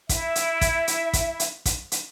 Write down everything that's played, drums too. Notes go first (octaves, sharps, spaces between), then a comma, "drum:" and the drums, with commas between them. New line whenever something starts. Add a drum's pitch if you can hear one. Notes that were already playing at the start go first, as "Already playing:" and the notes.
E4 E5, drum: kick, hi-hat
drum: hi-hat
drum: kick, hi-hat
drum: hi-hat
drum: kick, hi-hat
drum: hi-hat
drum: kick, hi-hat
drum: hi-hat